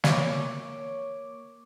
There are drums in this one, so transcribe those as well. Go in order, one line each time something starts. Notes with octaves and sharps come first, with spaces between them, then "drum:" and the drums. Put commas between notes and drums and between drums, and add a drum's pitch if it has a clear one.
A#3 C#5 D6, drum: snare